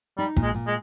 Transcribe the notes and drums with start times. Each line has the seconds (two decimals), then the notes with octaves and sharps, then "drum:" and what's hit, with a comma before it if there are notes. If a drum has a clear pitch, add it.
0.18 G3 D#4
0.36 A#2, drum: kick
0.42 G#3
0.55 A#2
0.67 G#3